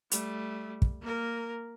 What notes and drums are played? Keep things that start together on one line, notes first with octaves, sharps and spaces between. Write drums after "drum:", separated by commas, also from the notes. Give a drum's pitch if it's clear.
G3 A3, drum: hi-hat
drum: kick
A#3 A#4